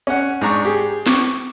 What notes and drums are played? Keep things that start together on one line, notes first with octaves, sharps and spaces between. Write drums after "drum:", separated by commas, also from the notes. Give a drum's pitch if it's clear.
C#4 F#5
G#2 D4 A#5 C#6
G4 G#4
C#6 D6, drum: snare